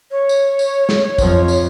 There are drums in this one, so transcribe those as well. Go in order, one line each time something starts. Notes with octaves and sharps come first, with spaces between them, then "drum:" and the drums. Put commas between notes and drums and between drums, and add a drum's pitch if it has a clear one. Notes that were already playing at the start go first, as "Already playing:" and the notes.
C#5
drum: tambourine
drum: tambourine
drum: snare
F2 F3, drum: kick, tambourine
drum: tambourine